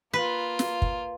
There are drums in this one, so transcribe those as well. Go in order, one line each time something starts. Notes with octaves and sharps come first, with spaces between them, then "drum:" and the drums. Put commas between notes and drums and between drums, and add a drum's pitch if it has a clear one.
A#3 F4 B4
drum: snare
drum: kick